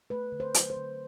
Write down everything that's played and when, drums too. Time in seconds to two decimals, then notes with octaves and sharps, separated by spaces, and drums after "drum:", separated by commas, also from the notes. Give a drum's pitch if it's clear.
0.10 A3 B4
0.32 D3
0.40 C5
0.54 F#3, drum: hi-hat
0.70 C5
0.77 D3